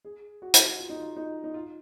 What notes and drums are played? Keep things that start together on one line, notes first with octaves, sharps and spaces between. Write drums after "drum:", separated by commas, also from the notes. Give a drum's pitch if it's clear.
G#4
F#4
drum: hi-hat
F4
D#4
F4
D#4
D#4
F4